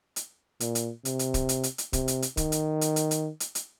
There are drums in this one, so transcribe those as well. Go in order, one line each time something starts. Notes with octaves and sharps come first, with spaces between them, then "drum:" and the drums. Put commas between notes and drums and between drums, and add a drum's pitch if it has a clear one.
drum: hi-hat
A#2, drum: hi-hat
drum: hi-hat
C3, drum: hi-hat
drum: hi-hat
drum: kick, hi-hat
drum: hi-hat
drum: hi-hat
drum: hi-hat
C3, drum: kick, hi-hat
drum: hi-hat
drum: hi-hat
D#3, drum: kick, hi-hat
drum: hi-hat
drum: hi-hat
drum: hi-hat
drum: hi-hat
drum: hi-hat
drum: hi-hat